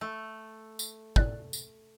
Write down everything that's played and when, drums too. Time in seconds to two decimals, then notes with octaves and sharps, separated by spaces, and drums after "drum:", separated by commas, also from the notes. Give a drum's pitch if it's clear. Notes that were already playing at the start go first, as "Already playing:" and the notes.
0.01 A3
0.79 drum: tambourine
1.16 A2 D5 F#6, drum: kick
1.53 drum: tambourine